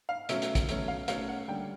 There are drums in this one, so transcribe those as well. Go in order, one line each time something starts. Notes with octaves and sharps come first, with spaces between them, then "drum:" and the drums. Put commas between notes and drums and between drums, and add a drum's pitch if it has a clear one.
F5
B2 F#3 A3 C#4 E5, drum: hi-hat
drum: hi-hat
drum: kick, hi-hat
B2 F#3 A3 C#4, drum: hi-hat
F5
B2 F#3 A3 C#4 F5, drum: hi-hat
F#5
D3 G3 A#3 D4 G5